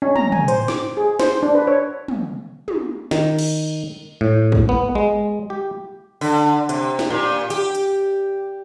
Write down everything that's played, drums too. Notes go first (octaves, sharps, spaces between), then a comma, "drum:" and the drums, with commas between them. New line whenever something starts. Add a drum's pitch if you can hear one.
C#4
A#5, drum: tom
G#5, drum: tom
C5, drum: hi-hat
D6, drum: snare
G#4
C5, drum: snare
D4
B4
C#5
drum: tom
drum: tom
D#3, drum: snare
drum: cymbal
A2
drum: kick
B3
G#3
G4
D3, drum: open hi-hat
C3, drum: hi-hat
drum: snare
A#2
G4, drum: hi-hat
drum: hi-hat